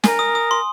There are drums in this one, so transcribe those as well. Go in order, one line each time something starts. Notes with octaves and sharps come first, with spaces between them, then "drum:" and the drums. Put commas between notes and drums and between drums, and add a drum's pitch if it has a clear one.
A#4 G#5, drum: snare
D#6
D#6
C6